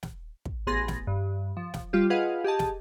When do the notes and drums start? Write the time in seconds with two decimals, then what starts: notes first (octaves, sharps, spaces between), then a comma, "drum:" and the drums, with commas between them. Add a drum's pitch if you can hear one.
0.03 drum: snare
0.45 drum: kick
0.67 A1 B3 G#4 C6 A6 A#6
0.88 drum: snare
1.07 G2
1.57 F3
1.74 drum: snare
1.93 G3 F4 G4
2.10 F4 G#4 B4 D#5 F5 F#5
2.44 G4 G#4 D#5 A5
2.59 drum: snare